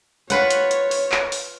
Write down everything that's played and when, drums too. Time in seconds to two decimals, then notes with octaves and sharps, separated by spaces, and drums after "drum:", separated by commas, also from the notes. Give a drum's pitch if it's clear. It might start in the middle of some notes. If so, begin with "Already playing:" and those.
0.30 F4 B4 C#5 F#5, drum: hi-hat
0.50 drum: hi-hat
0.71 drum: hi-hat
0.91 drum: open hi-hat
1.12 drum: clap
1.32 drum: open hi-hat